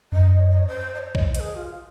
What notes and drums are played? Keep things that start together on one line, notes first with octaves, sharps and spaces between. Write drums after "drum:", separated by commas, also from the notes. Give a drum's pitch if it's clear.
F#2 D#5
C#5
D#5
C#5
C5
D#5
C#5
D#5, drum: kick
C5, drum: hi-hat
G#4
F4